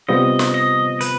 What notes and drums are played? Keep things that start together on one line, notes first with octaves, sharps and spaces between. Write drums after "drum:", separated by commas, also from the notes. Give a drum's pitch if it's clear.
C3 G3 B3 F4 C5 D#5
drum: snare
D#5
B4, drum: hi-hat